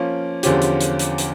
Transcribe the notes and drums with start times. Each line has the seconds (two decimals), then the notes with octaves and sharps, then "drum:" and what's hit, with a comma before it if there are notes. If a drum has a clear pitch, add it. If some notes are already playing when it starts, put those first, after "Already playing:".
Already playing: F3 A#3 C#4
0.43 E2 D3 F3 C#4 G4, drum: hi-hat
0.62 drum: hi-hat
0.81 drum: hi-hat
0.99 drum: hi-hat
1.18 drum: hi-hat